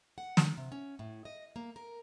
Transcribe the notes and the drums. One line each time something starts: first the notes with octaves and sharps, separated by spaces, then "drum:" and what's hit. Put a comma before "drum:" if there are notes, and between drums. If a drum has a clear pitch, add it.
F#5
drum: snare
C3
C#4
A2
D#5
A#3
A#4